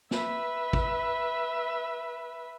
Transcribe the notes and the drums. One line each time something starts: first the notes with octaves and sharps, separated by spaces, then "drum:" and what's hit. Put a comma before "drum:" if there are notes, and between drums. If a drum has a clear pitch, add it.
B4 E5, drum: snare
drum: kick